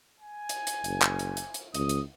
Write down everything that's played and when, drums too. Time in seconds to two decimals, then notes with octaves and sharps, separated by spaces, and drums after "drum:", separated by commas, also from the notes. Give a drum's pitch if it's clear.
0.20 G#5
0.49 drum: hi-hat
0.67 drum: hi-hat
0.84 F#1, drum: hi-hat
1.02 drum: clap
1.19 drum: hi-hat
1.37 drum: hi-hat
1.54 drum: hi-hat
1.74 C#2 D#6, drum: hi-hat
1.89 drum: hi-hat